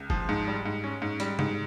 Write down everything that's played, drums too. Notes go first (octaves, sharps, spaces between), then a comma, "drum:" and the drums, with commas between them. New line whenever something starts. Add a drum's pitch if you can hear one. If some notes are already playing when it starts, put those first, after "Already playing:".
Already playing: C#2
F3, drum: kick F#1
G#2
G3
G#2
C#4
G#2
G3, drum: hi-hat
G#2, drum: tom C3